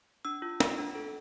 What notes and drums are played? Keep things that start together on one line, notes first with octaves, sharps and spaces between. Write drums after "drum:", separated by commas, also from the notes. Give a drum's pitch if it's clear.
D4 E6
F4
F4, drum: snare
D4
A4